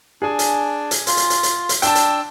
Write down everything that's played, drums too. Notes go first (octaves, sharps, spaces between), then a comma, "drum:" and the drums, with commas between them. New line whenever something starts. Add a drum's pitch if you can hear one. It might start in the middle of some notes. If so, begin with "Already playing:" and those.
D4 G#4 G#5
drum: hi-hat
drum: hi-hat
F4, drum: hi-hat
drum: hi-hat
drum: hi-hat
drum: hi-hat
drum: hi-hat
D4 G5 A5 E6, drum: hi-hat
drum: hi-hat